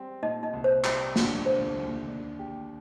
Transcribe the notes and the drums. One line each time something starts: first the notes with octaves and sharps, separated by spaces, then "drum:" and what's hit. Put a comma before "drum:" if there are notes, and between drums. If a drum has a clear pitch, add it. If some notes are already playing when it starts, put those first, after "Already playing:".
Already playing: G3 C4
A#2 D#4 D#5
D#4 D#5
C2
C5
G3, drum: clap
D4, drum: snare
D3 C5
D#2
D4
G4